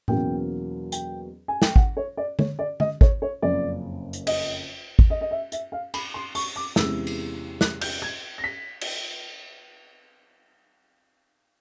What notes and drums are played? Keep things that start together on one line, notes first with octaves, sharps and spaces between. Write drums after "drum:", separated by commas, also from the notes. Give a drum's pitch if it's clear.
E2 B2 F#3 A#3 C#4 G5, drum: tom A2
G5, drum: hi-hat
G#5
G5, drum: snare
F#5, drum: kick G#1
C#5
D5
C#5, drum: tom D3
D5
D#5, drum: tom D3
C#5, drum: kick G#1
C#5
F#1 F2 C#3 D5
drum: hi-hat
D#5, drum: cymbal
drum: kick G#1
D#5
D#5
E5
E5, drum: hi-hat
F5
B5, drum: cymbal
C6
C#6, drum: open hi-hat
D6
E2 C3 E3 G#3 C#4 E6, drum: snare
drum: cymbal
F#6, drum: snare
G6, drum: cymbal
G#6
A#6
B6
drum: cymbal